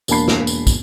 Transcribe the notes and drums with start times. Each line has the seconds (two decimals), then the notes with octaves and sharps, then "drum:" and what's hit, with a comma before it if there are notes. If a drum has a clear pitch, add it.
0.08 E1 A#3 D4 A5 B5 C7, drum: tambourine
0.28 drum: snare
0.47 drum: tambourine
0.67 drum: kick, tambourine